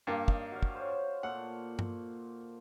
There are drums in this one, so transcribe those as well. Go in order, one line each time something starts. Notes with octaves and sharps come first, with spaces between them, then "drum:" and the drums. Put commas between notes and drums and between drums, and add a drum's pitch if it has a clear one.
G2 A#3
D#4 D5, drum: kick
F#4 D5 F5
drum: kick
C5 C#5
A#2 A4 F5 F#5
drum: tom G2